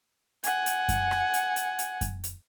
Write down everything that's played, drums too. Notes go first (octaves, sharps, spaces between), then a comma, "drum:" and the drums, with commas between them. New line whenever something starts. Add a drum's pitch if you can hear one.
F#5 G#5, drum: hi-hat
drum: hi-hat
drum: kick F#2, hi-hat
drum: rim click
drum: hi-hat
drum: hi-hat
drum: hi-hat
drum: kick F#2, hi-hat
drum: hi-hat